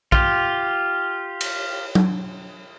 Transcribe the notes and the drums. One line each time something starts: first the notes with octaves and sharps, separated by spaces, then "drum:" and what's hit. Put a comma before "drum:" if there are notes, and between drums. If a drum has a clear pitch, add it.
F4 G4, drum: kick
drum: cymbal
drum: tom F#3